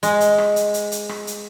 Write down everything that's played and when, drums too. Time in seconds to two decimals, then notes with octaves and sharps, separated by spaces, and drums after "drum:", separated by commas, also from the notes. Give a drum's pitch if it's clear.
0.03 G#3, drum: hi-hat
0.21 drum: hi-hat
0.38 drum: rim click
0.56 drum: hi-hat
0.74 drum: hi-hat
0.92 drum: hi-hat
1.09 drum: rim click
1.27 drum: hi-hat